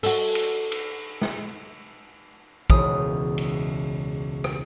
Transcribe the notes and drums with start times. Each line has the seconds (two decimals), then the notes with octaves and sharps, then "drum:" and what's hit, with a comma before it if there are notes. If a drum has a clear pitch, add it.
0.03 F#4 A4, drum: open hi-hat
0.35 drum: cymbal
0.72 drum: cymbal
1.22 drum: snare
2.70 E1 C#2 D#6, drum: kick
3.38 drum: cymbal
4.44 drum: rim click